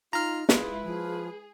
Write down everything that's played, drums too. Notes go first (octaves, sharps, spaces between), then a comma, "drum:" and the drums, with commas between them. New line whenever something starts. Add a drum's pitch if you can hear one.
D#4 F4 A#5 F6
G#3 E4 F4 G#4 B4, drum: snare
F3 G#4